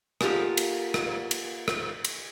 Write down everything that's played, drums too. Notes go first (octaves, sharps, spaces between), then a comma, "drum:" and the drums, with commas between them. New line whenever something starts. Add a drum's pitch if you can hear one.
A#3 F4 G4 A4 F#5 G#5, drum: rim click
drum: cymbal
drum: rim click
drum: cymbal
drum: rim click
drum: cymbal